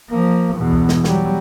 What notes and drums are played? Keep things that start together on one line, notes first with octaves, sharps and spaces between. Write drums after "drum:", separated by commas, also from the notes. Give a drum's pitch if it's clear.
F3 A#3
E2 B2
drum: kick C2
drum: snare
F#3 G3, drum: snare